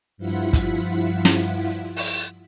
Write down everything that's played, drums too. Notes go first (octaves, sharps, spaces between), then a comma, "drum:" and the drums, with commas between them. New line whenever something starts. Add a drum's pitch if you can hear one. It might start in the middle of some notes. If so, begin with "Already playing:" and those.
G2 F3 E4 F4 F#5 B6
drum: kick, hi-hat
drum: snare
drum: open hi-hat